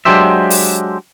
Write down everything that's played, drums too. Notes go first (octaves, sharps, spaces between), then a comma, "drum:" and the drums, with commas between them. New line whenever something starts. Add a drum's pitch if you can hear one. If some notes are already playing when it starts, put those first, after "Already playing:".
F#3 G#3 D4 G4 C5 E5
drum: open hi-hat